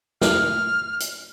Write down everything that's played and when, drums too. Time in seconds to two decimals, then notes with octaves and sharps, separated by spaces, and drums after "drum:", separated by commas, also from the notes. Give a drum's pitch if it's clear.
0.21 F6, drum: snare
1.00 drum: hi-hat